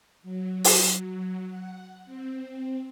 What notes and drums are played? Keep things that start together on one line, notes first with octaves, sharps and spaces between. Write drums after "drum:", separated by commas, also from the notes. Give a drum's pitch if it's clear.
F#3
drum: open hi-hat
F#5
C4